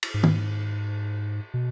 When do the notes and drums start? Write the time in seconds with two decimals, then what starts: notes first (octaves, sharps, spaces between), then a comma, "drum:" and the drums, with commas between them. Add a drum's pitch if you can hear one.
0.03 drum: cymbal
0.14 G#2
0.23 drum: tom D#3
1.54 B2